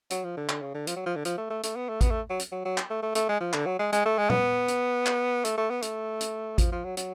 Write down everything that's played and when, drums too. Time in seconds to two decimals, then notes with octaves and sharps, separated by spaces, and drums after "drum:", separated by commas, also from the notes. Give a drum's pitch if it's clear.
0.10 F#3, drum: hi-hat
0.24 F3
0.37 D3
0.49 D3, drum: clap
0.62 C#3
0.74 D3
0.87 F3, drum: hi-hat
0.96 F#3
1.06 F3
1.16 D3
1.25 F3, drum: hi-hat
1.38 A3
1.50 A3
1.63 A3, drum: hi-hat
1.76 B3
1.89 A3
2.01 B3, drum: kick A1, hi-hat
2.11 A3
2.30 F#3
2.40 drum: hi-hat
2.52 F#3
2.65 F#3
2.78 drum: clap
2.90 A3
3.02 A3
3.15 A3, drum: hi-hat
3.29 G#3
3.41 F3
3.53 D3, drum: clap
3.66 F#3
3.79 G#3
3.93 G#3, drum: hi-hat
4.05 A3
4.18 G#3
4.30 B3, drum: tom
4.68 drum: hi-hat
5.06 drum: clap
5.45 A3, drum: hi-hat
5.58 A3
5.70 B3
5.82 A3, drum: hi-hat
6.21 drum: hi-hat
6.58 F3, drum: kick A1, hi-hat
6.72 F3
6.84 F#3
6.97 F#3, drum: hi-hat